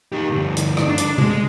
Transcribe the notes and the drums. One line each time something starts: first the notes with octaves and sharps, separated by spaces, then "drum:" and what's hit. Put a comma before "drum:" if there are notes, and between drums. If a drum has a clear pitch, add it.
D#4 G4
D2 G2
drum: hi-hat
drum: rim click
D4
drum: hi-hat
G#3, drum: tom C3